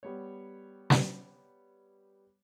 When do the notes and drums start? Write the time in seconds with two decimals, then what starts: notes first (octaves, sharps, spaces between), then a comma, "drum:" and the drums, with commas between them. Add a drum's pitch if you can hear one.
0.03 G3 B3 C#5
0.90 drum: snare